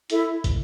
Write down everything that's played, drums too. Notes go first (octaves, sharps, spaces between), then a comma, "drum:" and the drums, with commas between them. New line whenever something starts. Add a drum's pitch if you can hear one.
E4 A4 E5, drum: hi-hat
drum: kick, hi-hat